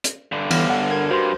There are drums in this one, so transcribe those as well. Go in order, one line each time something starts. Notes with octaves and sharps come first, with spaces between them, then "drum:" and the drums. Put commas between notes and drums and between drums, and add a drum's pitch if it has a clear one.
drum: hi-hat
G2 D3
E3 B3 F6, drum: cymbal
F#5
A#4 G#6
G2 F#4 C5 C6